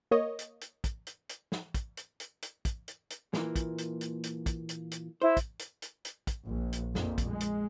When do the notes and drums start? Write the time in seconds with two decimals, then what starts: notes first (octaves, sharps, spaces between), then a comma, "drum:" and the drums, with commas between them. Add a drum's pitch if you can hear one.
0.11 A#3 C#5 D#5
0.39 drum: hi-hat
0.61 drum: hi-hat
0.84 drum: kick, hi-hat
1.07 drum: hi-hat
1.29 drum: hi-hat
1.52 drum: snare
1.74 drum: kick, hi-hat
1.97 drum: hi-hat
2.20 drum: hi-hat
2.42 drum: hi-hat
2.65 drum: kick, hi-hat
2.88 drum: hi-hat
3.10 drum: hi-hat
3.34 A#2 E3 A#3, drum: snare
3.56 drum: kick, hi-hat
3.78 drum: hi-hat
4.01 drum: hi-hat
4.23 drum: hi-hat
4.46 drum: kick, hi-hat
4.69 drum: hi-hat
4.91 drum: hi-hat
5.22 E4 C5
5.37 drum: kick, hi-hat
5.59 drum: hi-hat
5.82 drum: hi-hat
6.05 drum: hi-hat
6.27 drum: kick, hi-hat
6.46 A#1
6.73 drum: hi-hat
6.95 A#1 F2 A#2, drum: snare
7.18 drum: kick, hi-hat
7.29 G#3
7.40 drum: hi-hat